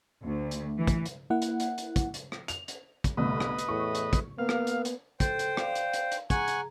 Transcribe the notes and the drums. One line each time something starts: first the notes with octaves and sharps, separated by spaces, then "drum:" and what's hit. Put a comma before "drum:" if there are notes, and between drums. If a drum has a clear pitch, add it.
D2
drum: hi-hat
E3
drum: kick, hi-hat
drum: hi-hat
A#3 E4 F#5
drum: hi-hat
drum: hi-hat
drum: hi-hat
drum: kick, hi-hat
drum: hi-hat
drum: rim click
F7, drum: hi-hat
drum: hi-hat
drum: kick, hi-hat
G1 C2 A2 B4 D#5
drum: rim click
drum: hi-hat
E2 A2 C#6
drum: hi-hat
drum: kick, hi-hat
A#3 B3 F5
drum: rim click
drum: hi-hat
drum: hi-hat
A4 C5 G5, drum: kick, hi-hat
drum: hi-hat
D5 F5, drum: rim click
drum: hi-hat
drum: hi-hat
drum: hi-hat
G#4 F#5 G#5 A#5 C#6, drum: kick, hi-hat
drum: hi-hat